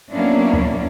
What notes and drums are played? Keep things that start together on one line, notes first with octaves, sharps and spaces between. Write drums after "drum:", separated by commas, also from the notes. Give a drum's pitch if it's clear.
F#3 A#3 B3 C#4 D4 E4
drum: kick D2